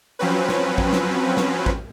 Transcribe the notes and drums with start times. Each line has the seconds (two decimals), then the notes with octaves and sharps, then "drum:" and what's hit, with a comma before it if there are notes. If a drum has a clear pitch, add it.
0.19 F3 F#3 C4 C#4 B4
0.49 drum: snare
0.78 drum: kick A1
0.93 drum: snare
1.37 drum: snare
1.66 drum: kick A1